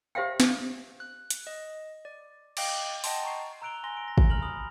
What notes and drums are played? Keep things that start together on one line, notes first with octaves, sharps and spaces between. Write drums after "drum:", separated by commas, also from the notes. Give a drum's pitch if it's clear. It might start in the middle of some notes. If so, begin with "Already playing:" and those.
G4 C5 E5 F5 G5
drum: snare
F#6
drum: hi-hat
D#5
D5
D#5 F5 G5 D6 D7, drum: cymbal
D#5 F#5 G5 A5 C6, drum: open hi-hat
A#5 C#6 C7
A#5 E6 F#6 D7 F7 G7
G#5 C6 A#6 G7
E6 D7
A#6
drum: kick
A#5 F6 F7 F#7
B5 D#6 F#7